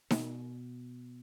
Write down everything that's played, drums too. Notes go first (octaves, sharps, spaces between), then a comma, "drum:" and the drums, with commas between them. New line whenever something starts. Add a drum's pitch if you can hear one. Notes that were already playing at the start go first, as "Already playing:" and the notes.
B2, drum: snare D#4